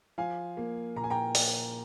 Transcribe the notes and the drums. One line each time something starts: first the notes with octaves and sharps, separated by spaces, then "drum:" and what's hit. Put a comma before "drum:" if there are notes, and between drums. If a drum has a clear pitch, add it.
F3 F5 G#5
A#3
A#2 A#5
G#5
G5 A#5
A#3, drum: open hi-hat